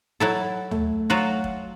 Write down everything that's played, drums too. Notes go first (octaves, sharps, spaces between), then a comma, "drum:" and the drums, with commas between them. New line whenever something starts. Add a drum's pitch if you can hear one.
F#3 E4 A4
A3, drum: tom
F#3 F4 F#4
drum: kick